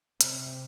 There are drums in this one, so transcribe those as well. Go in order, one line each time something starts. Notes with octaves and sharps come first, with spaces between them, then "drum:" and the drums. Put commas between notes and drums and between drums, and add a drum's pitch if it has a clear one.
C3, drum: hi-hat